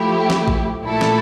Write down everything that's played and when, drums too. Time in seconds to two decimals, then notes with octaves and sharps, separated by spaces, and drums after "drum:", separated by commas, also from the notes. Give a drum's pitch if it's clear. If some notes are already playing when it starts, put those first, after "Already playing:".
Already playing: F3 A3 E4 G4
0.30 drum: snare
0.48 drum: kick A1
0.84 A#2 A3 E4 A4
1.01 drum: snare